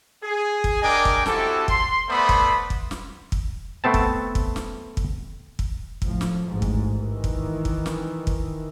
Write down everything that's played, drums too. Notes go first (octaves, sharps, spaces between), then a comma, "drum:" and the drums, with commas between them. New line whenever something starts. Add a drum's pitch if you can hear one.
G#4
drum: kick
D4 A#4 D#5 G5 G#5 D6
drum: kick
C4 E4 F#4 G4 A4, drum: snare
C6, drum: kick
A3 B3 C5 D5 B5 D#6
drum: kick
drum: kick
drum: snare
drum: kick
A3 B3 C4 A5
drum: kick
drum: kick
drum: snare
drum: kick
drum: kick
A2 F3, drum: kick
drum: snare
A1 G#2
drum: kick
D#3 E3
drum: kick
drum: kick
drum: snare
drum: kick